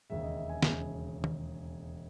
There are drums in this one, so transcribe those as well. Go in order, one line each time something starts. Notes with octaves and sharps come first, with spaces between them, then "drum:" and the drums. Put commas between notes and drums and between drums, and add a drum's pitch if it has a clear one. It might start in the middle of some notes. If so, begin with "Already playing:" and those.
E1 D#2 C#3 E5
D#5
E5
G#5
E1 D#2 C#3 G#5, drum: snare
drum: tom D#3